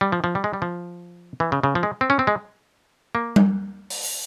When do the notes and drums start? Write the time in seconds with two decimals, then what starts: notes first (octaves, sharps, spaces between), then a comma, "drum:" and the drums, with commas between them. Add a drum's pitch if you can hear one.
0.01 G3
0.12 F3
0.24 F3
0.35 G3
0.44 G#3
0.53 G3
0.62 F3
1.40 E3
1.52 C#3
1.63 C#3
1.75 F3
1.83 G#3
2.01 C4
2.10 C#4
2.19 C4
2.27 G#3
3.15 A#3
3.36 drum: tom G3
3.90 drum: open hi-hat